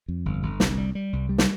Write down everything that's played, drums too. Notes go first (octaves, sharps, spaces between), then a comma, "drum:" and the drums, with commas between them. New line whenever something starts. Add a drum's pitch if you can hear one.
F2
G1
G1
C2, drum: snare
G3
G3
C2
G3
drum: snare